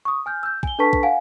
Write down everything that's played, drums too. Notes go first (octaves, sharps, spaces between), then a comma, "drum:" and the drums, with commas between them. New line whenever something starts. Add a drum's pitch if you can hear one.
C#6 D#6
G#5 F6 G6
E6 G6
G#5 G7, drum: kick
D4 A4 B4 A5 C#6 B6
drum: kick
F5 F#5 G#5